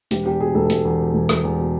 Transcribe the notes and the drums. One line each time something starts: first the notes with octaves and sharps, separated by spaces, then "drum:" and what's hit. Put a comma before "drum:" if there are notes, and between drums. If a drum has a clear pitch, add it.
E1 G4, drum: hi-hat
E2 G4
B2 G#4
E1 A4
E1, drum: hi-hat
E2
B2
E1
E1, drum: rim click
E2
B2